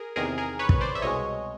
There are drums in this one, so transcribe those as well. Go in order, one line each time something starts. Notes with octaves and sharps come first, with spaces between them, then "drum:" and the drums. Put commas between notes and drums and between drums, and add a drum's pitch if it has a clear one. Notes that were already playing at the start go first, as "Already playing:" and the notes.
Already playing: G#4 A#4
E2 C3 D#3 G#4 A#4
G#4 A#4
B4 C#5
drum: kick
C5 D5
E5
C2 B2 G#3 C#5 D#5